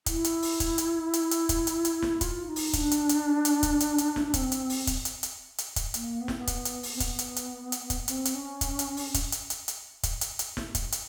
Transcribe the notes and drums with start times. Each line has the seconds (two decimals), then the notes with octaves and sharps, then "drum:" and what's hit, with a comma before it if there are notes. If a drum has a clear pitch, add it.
0.06 E4, drum: kick, hi-hat
0.24 drum: hi-hat
0.42 drum: open hi-hat
0.60 drum: kick, hi-hat
0.78 drum: hi-hat
1.13 drum: hi-hat
1.31 drum: hi-hat
1.49 drum: kick, hi-hat
1.67 drum: hi-hat
1.85 drum: hi-hat
2.02 drum: snare
2.21 F4, drum: kick, hi-hat
2.47 D#4
2.56 drum: open hi-hat
2.73 D4, drum: kick, hi-hat
2.91 drum: hi-hat
3.09 drum: hi-hat
3.45 drum: hi-hat
3.63 drum: kick, hi-hat
3.80 drum: hi-hat
3.98 drum: hi-hat
4.16 drum: snare
4.34 C4, drum: kick, hi-hat
4.52 drum: hi-hat
4.69 drum: open hi-hat
4.87 drum: kick, hi-hat
5.05 drum: hi-hat
5.23 drum: hi-hat
5.58 drum: hi-hat
5.76 drum: kick, hi-hat
5.94 A#3, drum: hi-hat
6.21 B3
6.28 C4, drum: snare
6.36 B3
6.47 drum: kick, hi-hat
6.65 drum: hi-hat
6.83 drum: open hi-hat
6.96 C4
7.00 B3, drum: kick, hi-hat
7.19 drum: hi-hat
7.36 drum: hi-hat
7.72 drum: hi-hat
7.90 drum: kick, hi-hat
8.08 C4, drum: hi-hat
8.25 drum: hi-hat
8.35 C#4
8.61 drum: kick, hi-hat
8.79 drum: hi-hat
8.97 drum: open hi-hat
9.14 drum: kick, hi-hat
9.32 drum: hi-hat
9.50 drum: hi-hat
9.68 drum: hi-hat
10.03 drum: kick, hi-hat
10.21 drum: hi-hat
10.39 drum: hi-hat
10.57 drum: snare
10.75 drum: kick, hi-hat
10.92 drum: hi-hat